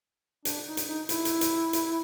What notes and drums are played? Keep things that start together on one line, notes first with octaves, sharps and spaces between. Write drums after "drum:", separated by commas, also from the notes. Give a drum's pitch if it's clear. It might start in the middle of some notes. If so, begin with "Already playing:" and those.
D4, drum: hi-hat
D#4
drum: hi-hat
D#4
E4, drum: hi-hat
drum: hi-hat
drum: hi-hat
drum: hi-hat